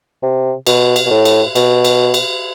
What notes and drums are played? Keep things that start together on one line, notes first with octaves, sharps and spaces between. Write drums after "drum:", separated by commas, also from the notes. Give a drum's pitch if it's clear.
C3
B2, drum: cymbal
drum: cymbal
B2
A2
drum: cymbal
B2, drum: cymbal
drum: cymbal
drum: cymbal